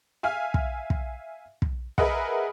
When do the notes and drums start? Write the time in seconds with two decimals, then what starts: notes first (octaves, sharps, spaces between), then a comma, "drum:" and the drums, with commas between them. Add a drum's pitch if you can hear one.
0.23 E5 F5 G#5 F6
0.54 drum: kick
0.90 drum: kick
1.62 drum: kick
1.98 G#4 A#4 B4 D#5 E5 F#5, drum: kick